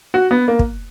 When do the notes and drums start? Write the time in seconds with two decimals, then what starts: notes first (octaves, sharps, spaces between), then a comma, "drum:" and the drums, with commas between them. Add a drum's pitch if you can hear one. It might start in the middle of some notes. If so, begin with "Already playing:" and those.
0.14 F#4
0.31 B3
0.48 A#3
0.59 drum: kick